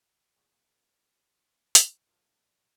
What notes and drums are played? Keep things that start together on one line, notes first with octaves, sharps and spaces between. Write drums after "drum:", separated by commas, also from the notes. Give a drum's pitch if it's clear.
A#1 E2 A#2 F#4 G#4 C#5
drum: hi-hat
A#1 D3 F3 F#3